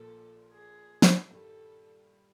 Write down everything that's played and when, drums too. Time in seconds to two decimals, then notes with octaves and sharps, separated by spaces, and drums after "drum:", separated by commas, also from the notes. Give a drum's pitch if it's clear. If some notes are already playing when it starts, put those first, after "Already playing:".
Already playing: A#1 A#2 F3 A#3 A4
0.52 G#4
1.02 drum: snare
1.31 G2 D#3 G3 A4